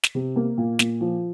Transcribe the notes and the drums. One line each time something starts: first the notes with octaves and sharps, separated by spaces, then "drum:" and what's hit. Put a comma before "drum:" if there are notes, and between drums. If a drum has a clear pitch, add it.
drum: snare
C3
A#3
A#2
A#2, drum: snare
F3